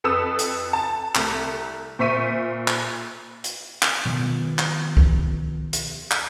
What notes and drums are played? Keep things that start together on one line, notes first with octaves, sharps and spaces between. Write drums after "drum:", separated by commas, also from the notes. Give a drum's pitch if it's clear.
F2 A4 B4 D#6 E6 E7
drum: hi-hat
A5
C2 A3, drum: clap
A#2 C5 E5 C#6 B6 D#7
drum: clap
drum: hi-hat
drum: clap
B2 D#3 F3
drum: clap
drum: kick
drum: hi-hat
drum: clap